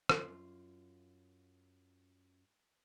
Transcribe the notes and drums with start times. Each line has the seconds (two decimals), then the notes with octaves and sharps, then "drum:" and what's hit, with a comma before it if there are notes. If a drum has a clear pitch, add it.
0.09 F#2 F4, drum: rim click